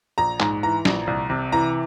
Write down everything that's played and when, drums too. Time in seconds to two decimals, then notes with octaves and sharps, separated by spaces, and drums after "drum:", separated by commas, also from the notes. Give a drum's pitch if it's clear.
0.18 A#1 A#5
0.40 G#2, drum: clap
0.63 E3 A#5
0.85 A#1, drum: snare
1.07 C2
1.30 C3
1.52 E3 A#5